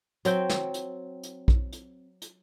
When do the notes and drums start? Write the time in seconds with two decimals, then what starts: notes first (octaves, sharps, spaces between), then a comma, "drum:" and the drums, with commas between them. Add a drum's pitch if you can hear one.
0.25 F#3 C4 G5, drum: hi-hat
0.50 drum: snare
0.74 drum: hi-hat
1.23 drum: hi-hat
1.48 drum: kick A#1
1.73 drum: hi-hat
2.22 drum: hi-hat